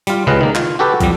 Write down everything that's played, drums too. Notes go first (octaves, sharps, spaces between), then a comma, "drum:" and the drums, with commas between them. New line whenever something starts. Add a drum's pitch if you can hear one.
G3 F4, drum: hi-hat
C#2 C#3 B4 D#5 F5
D#3 A#3
F4, drum: clap
F#4 G4 A4 B4
F2 G3, drum: kick, hi-hat